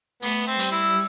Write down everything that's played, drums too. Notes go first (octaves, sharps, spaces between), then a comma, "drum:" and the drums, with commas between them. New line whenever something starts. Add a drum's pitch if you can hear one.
A3 B3, drum: open hi-hat
C4
G3, drum: hi-hat
E4